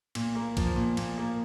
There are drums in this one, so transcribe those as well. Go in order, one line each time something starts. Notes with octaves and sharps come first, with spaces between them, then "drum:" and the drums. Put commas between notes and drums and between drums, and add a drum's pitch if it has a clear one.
A#2, drum: cymbal
A#3
F3, drum: kick, cymbal
A#2
A#2, drum: cymbal
A#3